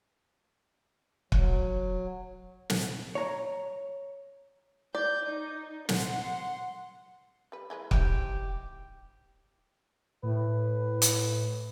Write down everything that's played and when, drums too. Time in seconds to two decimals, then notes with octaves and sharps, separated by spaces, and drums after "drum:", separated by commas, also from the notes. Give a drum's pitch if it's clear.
1.32 F#3, drum: kick
2.70 drum: snare
3.15 C#5 A#5
4.95 D5 G6
5.26 D#4
5.89 F#5 C6, drum: snare
7.52 G3 B4
7.70 E3 G#3 B4
7.91 C4 D#4 E4 G4 G5, drum: kick
10.23 A2 B4
11.02 drum: hi-hat